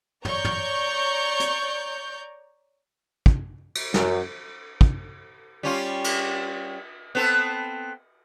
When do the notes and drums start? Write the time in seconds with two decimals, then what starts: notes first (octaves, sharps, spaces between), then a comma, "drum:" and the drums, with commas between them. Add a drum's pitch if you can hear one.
0.25 C#5 D5 A#5 C#6 G6, drum: tom
0.45 drum: tom
1.40 drum: hi-hat
3.26 drum: kick
3.75 drum: cymbal
3.94 F#2, drum: snare
4.81 drum: kick
5.63 G3 C#4 F4
6.04 drum: cymbal
7.15 B3 C4 A4